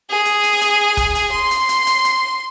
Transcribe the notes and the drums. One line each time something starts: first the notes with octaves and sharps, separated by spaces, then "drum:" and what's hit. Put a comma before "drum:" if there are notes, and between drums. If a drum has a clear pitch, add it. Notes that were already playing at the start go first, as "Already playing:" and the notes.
G#4
drum: hi-hat
drum: hi-hat
drum: hi-hat
drum: kick, hi-hat
drum: hi-hat
C6
drum: hi-hat
drum: hi-hat
drum: hi-hat
drum: hi-hat